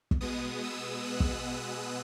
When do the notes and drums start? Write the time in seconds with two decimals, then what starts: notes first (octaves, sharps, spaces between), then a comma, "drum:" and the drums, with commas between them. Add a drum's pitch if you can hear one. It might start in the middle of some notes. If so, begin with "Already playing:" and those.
0.11 drum: kick
0.21 B2 G#3 B3 D#6
0.63 E6
1.05 F#6
1.20 drum: kick
1.60 F#6